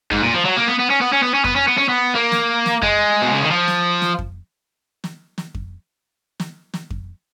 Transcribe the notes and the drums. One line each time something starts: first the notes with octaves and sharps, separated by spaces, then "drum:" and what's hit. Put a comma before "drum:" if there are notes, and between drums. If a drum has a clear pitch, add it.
G#2, drum: kick F2
A#2
F3
F#3
A#3
B3
B3
C#4
B3
C#4
B3
C#4
B3, drum: kick F2
C#4
B3
C#4
B3
A#3
drum: snare
drum: snare
G#3, drum: kick F2
B2
C#3
D#3
F3
drum: snare
drum: snare
drum: kick F2
drum: snare
drum: snare
drum: kick F2
drum: snare
drum: snare
drum: kick F2